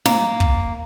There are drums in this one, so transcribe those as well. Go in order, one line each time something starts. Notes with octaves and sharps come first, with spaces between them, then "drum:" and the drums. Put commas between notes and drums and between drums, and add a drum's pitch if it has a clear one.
A#3, drum: snare
drum: kick